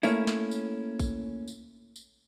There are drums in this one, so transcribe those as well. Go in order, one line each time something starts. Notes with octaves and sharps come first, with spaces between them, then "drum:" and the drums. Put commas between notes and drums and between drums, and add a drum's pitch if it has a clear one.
A3 A#3 C#4 E4, drum: tambourine
drum: snare
drum: tambourine
drum: kick A1, tambourine
drum: tambourine
drum: tambourine